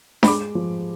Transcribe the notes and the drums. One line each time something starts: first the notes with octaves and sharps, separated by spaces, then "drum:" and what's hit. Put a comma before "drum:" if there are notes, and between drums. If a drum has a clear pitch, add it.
B5, drum: snare D4
G#3 D6
F3